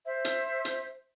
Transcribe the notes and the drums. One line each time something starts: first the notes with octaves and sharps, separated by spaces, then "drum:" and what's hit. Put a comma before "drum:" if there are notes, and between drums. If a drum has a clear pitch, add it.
C5 E5
drum: hi-hat
drum: hi-hat